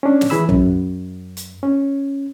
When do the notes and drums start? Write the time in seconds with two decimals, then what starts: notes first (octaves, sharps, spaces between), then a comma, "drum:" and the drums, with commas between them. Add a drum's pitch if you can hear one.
0.03 C#4 D4
0.21 drum: snare
0.30 E3 G#4 B5 E6
0.49 F#2, drum: tom B1
1.37 drum: hi-hat
1.63 C#4